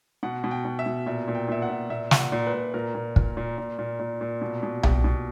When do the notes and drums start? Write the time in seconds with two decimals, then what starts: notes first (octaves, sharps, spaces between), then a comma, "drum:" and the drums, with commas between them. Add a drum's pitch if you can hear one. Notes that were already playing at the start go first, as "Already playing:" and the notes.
0.23 B2 F#5
0.44 B2
0.51 G5
0.65 B2
0.79 E5
0.86 B2
1.06 A#2 E5
1.28 A#2
1.35 G5
1.48 A#2 E5
1.62 F#5
1.69 A#2
1.90 A#2 E5
2.11 A#2, drum: snare
2.18 F#5
2.32 A#2
2.47 B4
2.53 A#2
2.74 A#2 A#4
2.95 A#2
3.16 A#2, drum: kick
3.37 A#2
3.58 A#2
3.79 A#2
3.99 A#2
4.21 A#2
4.41 B2
4.63 B2
4.83 B2 G4, drum: tom B1
5.04 B2